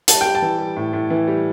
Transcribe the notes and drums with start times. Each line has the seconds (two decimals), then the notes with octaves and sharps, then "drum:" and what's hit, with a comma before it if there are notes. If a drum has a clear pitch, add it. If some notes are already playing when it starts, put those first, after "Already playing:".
0.08 G3 A5, drum: hi-hat
0.21 G3 G5
0.35 A5
0.42 E3
0.58 G3
0.76 A2
0.93 A2
1.10 E3
1.28 G3